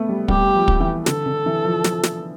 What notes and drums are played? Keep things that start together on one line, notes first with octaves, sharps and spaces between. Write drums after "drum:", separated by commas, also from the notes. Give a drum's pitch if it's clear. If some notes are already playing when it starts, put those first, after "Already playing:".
Already playing: A3 B3
G3
G3 G4, drum: kick
F3
drum: kick
E3
D3 A4, drum: snare
D3
E3
F3
F3, drum: snare
drum: snare